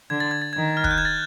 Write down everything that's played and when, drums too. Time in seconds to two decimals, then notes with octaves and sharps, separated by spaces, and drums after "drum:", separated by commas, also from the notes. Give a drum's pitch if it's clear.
0.10 D3 G#6
0.20 A6
0.31 G#6
0.42 A6
0.53 D#3 G#6
0.77 F6
0.84 F#6, drum: kick
0.91 G6
0.98 G#6
1.05 A6